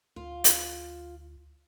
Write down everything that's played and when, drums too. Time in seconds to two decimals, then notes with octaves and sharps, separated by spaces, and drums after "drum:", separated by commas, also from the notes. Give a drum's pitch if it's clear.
0.16 D2 F4
0.44 drum: hi-hat